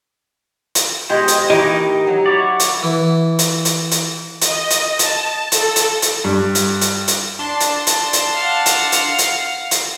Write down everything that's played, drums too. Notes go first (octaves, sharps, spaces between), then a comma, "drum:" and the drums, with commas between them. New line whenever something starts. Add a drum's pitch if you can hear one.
drum: hi-hat
B2 G#3 G4 C5 D#5
drum: hi-hat
A2 E3 A#3 D#4 G4 D#5 G5
F#3 F#5
E4 C#5 D5
drum: hi-hat
E3
drum: hi-hat
drum: hi-hat
drum: hi-hat
D#5, drum: hi-hat
drum: hi-hat
A5, drum: hi-hat
A4, drum: hi-hat
drum: hi-hat
drum: hi-hat
G2
drum: hi-hat
drum: hi-hat
drum: hi-hat
D4 A5 C6
drum: hi-hat
drum: hi-hat
drum: hi-hat
F5 F#5
drum: hi-hat
drum: hi-hat
drum: hi-hat
drum: hi-hat